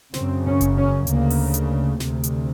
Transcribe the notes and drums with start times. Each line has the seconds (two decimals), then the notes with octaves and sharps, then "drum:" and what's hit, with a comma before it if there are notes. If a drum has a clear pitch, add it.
0.14 F#2 C#3 C4, drum: snare
0.45 C#4
0.61 drum: kick F#1, hi-hat
0.76 C#4
1.07 D2 C#3 A#3, drum: hi-hat
1.30 drum: open hi-hat
1.54 drum: hi-hat
2.00 D2 C3, drum: snare
2.23 drum: hi-hat